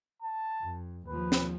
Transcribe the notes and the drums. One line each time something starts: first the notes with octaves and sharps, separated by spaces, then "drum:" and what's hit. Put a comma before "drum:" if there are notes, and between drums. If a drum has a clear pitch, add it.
A5
F2
D#2 F3 B4
drum: snare